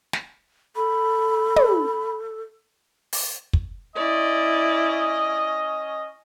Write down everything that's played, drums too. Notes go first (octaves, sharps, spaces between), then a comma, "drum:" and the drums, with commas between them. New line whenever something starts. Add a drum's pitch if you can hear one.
drum: snare
A4 B5
drum: tom
drum: open hi-hat
drum: kick
C#4 E4 D5 D#5